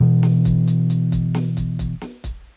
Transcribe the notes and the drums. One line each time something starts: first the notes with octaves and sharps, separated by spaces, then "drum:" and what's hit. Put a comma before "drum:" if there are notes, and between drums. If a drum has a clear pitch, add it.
B2 E3
drum: snare
drum: kick, hi-hat
drum: hi-hat
drum: hi-hat
drum: kick, hi-hat
drum: snare
drum: kick, hi-hat
drum: kick, hi-hat
drum: snare
drum: kick, hi-hat